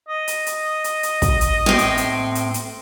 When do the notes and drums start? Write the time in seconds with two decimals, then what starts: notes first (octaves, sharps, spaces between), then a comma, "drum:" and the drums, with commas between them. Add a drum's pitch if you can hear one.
0.09 D#5
0.28 drum: hi-hat
0.46 drum: hi-hat
0.84 drum: hi-hat
1.03 drum: hi-hat
1.22 drum: kick, hi-hat
1.41 drum: hi-hat
1.66 A2 C4
1.79 drum: hi-hat
1.97 drum: hi-hat
2.35 drum: hi-hat
2.54 drum: hi-hat